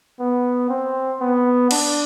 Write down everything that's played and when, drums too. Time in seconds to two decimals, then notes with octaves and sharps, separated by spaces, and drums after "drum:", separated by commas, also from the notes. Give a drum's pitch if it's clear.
0.19 B3
0.69 C4
1.20 B3
1.71 D4, drum: cymbal